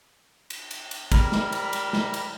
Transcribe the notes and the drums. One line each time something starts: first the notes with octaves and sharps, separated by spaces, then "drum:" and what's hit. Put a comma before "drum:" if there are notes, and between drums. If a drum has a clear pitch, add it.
drum: cymbal
drum: cymbal
drum: cymbal
G3 A#4 A#5 B5, drum: kick, cymbal
drum: snare
drum: cymbal
drum: cymbal
drum: snare
drum: cymbal